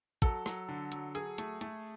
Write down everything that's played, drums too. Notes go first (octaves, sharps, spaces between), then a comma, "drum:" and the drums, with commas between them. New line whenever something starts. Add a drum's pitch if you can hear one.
F#3 A4, drum: kick, hi-hat
F#3, drum: rim click
D3
F#3, drum: hi-hat
F#3 G#4, drum: hi-hat
A3, drum: hi-hat
A3, drum: hi-hat